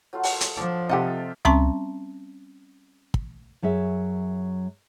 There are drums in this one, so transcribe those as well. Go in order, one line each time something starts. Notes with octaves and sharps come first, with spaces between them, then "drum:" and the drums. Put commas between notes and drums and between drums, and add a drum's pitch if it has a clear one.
F#3 A3 F4
drum: open hi-hat
drum: hi-hat
F3 D4
C3 D#4 F4 G4 A4 F#5
G3 C4 C#4 A5 C6 C#6, drum: tom C#2
drum: kick
F#2 F#3 G#4 E5